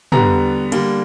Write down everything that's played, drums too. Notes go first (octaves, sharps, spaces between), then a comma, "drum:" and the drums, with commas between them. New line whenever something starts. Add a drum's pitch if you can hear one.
D3 G3 B3 A#5, drum: tom
D3 G3 A#3, drum: cymbal